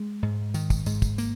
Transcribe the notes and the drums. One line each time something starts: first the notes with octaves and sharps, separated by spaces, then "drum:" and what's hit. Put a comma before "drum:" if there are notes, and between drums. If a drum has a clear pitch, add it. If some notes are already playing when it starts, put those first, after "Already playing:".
Already playing: G#3
G#2
D#3, drum: tambourine
drum: kick, tambourine
G#2, drum: tambourine
drum: kick, tambourine
A#3, drum: tambourine